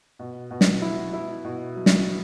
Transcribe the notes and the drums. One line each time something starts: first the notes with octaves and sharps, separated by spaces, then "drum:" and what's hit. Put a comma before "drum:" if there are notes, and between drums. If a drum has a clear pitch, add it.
B2
B2
drum: snare
E4
E4
B2
F#3
drum: snare
F#3